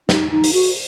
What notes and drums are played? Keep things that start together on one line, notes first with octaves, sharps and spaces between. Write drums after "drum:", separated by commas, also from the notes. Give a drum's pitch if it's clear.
D#4, drum: snare
D#4
drum: open hi-hat
F#4